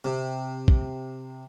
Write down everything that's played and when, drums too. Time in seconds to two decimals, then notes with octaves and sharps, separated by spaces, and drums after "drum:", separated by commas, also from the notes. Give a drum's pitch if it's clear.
0.05 C3
0.68 drum: kick